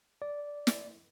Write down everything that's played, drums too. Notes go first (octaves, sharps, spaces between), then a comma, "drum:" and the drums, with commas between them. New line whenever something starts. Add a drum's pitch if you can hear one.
D5
drum: snare